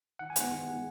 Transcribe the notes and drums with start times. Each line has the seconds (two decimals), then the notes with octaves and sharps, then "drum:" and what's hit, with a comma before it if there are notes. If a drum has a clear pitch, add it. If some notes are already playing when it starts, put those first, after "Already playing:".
0.19 D#3 F#5
0.30 G#5
0.36 G#3 B3 D#4 F#5, drum: hi-hat
0.52 D#3
0.68 G#3 B3 D#4